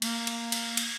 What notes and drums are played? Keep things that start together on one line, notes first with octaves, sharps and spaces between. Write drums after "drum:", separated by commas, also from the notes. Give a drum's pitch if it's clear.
A#3, drum: cymbal
drum: cymbal
drum: cymbal
drum: cymbal